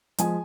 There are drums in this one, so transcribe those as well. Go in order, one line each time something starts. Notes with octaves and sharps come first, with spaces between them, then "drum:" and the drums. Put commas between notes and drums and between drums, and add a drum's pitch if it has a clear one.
F3 G#3 G#5, drum: hi-hat